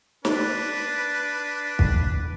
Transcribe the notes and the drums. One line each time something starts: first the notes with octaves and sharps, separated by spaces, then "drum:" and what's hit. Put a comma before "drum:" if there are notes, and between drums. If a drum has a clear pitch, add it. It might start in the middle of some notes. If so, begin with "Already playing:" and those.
D4 B4, drum: snare
drum: kick